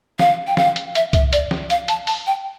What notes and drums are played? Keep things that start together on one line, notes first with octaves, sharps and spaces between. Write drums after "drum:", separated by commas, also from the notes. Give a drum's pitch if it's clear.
F5, drum: snare
G5
F5, drum: snare
drum: hi-hat
E5, drum: hi-hat
E5, drum: kick C2, hi-hat
D5, drum: hi-hat
drum: snare
F5, drum: hi-hat
A5, drum: hi-hat
A5, drum: open hi-hat
G5